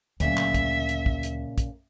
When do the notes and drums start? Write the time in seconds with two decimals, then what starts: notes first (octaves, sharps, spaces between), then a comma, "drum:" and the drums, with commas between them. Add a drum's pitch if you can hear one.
0.20 D2 A#2 C#3 F#3 E5, drum: hi-hat
0.37 drum: clap
0.54 drum: kick, hi-hat
0.89 drum: hi-hat
1.06 drum: kick
1.23 drum: hi-hat
1.58 drum: kick, hi-hat